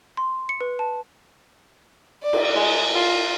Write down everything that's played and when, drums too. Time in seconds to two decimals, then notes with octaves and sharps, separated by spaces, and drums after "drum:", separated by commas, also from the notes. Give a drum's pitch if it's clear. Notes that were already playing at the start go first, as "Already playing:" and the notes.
0.17 C6
0.49 C#7
0.61 B4
0.79 A5
2.23 D5
2.33 drum: cymbal
2.56 G#3
2.94 F4